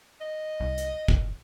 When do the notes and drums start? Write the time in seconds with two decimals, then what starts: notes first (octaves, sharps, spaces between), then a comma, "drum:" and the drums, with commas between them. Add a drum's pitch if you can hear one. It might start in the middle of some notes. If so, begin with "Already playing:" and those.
0.21 D#5
0.60 C2
0.77 drum: hi-hat
1.08 F#1, drum: kick